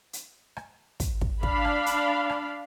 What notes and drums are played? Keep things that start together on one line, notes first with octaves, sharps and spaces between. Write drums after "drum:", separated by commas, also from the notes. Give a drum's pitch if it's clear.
drum: hi-hat
drum: rim click
drum: kick, hi-hat
drum: kick
D4 F5 B5, drum: kick
drum: rim click
drum: hi-hat
drum: rim click